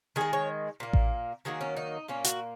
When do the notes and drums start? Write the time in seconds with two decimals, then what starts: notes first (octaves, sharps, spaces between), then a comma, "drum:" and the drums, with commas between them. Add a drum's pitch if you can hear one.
0.16 D#3 G#3 G#4
0.33 C#5
0.80 A#2 A#3
0.93 drum: kick A1
1.45 D#3 F#3 A#3 G#4
1.61 C#4
1.77 D#4
2.08 A#2 A#3 C#4
2.24 F#4, drum: hi-hat